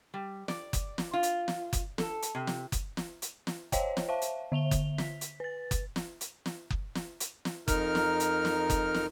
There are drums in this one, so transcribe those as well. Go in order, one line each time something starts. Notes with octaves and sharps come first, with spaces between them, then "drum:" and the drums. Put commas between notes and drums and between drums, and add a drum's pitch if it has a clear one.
G3
D5, drum: snare
drum: kick F#1, hi-hat
drum: snare
F4
drum: hi-hat
drum: snare
drum: kick F#1, hi-hat
A4, drum: snare
drum: hi-hat
C3
drum: snare
drum: kick F#1, hi-hat
drum: snare
drum: hi-hat
drum: snare
C5 C#5 D#5 F5 G5, drum: kick F#1, hi-hat
drum: snare
C5 E5 F5 A5
drum: hi-hat
D3 E5 F7 G7
drum: kick F#1, hi-hat
B6, drum: snare
drum: hi-hat
B4 A6
drum: kick F#1, hi-hat
drum: snare
drum: hi-hat
drum: snare
drum: kick F#1
drum: snare
drum: hi-hat
drum: snare
F2 D#4 A#4 F6, drum: kick F#1, hi-hat
drum: snare
drum: hi-hat
drum: snare
drum: kick F#1, hi-hat
drum: snare